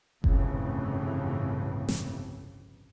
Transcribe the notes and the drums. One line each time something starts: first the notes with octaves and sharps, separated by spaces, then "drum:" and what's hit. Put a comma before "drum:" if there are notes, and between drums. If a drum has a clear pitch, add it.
G1 C2 F2 A2 C#3 E3, drum: kick F#1
drum: snare